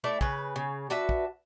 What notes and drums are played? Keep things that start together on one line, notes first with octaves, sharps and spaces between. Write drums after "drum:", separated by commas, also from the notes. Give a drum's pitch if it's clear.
A3 E4 D5
C#3 B4, drum: kick
C#3
D4 F#4 B4 E5
drum: kick